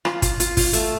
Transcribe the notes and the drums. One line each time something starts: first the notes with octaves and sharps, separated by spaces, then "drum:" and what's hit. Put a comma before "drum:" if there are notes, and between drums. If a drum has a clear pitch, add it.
F4, drum: rim click
F4, drum: kick, hi-hat
F4, drum: hi-hat
F4, drum: kick, open hi-hat
A3, drum: hi-hat